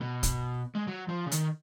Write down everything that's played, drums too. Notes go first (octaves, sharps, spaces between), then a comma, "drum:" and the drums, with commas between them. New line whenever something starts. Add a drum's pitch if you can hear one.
B2
drum: kick, hi-hat
G#3
F#3
F3
C#3
D#3, drum: hi-hat